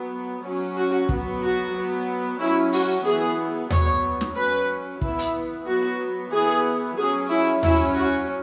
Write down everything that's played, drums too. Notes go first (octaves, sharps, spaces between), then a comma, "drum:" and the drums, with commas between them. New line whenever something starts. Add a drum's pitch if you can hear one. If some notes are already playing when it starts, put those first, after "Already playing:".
Already playing: F#3 B3
F#3 C#4
F#4
F#3 B3, drum: kick
F#4
F#3 B3
F#3 C#4 E4
F#4, drum: open hi-hat
E3 B3 G#4
F#3 B3 C#5, drum: tom D#2
drum: snare
F#3 C#4 B4
E3 B3 E4, drum: kick
drum: hi-hat
F#3 B3 F#4
E3 B3 G#4
F#3 C#4 G#4
E4
F#3 C#4 E4, drum: tom D#2
F#4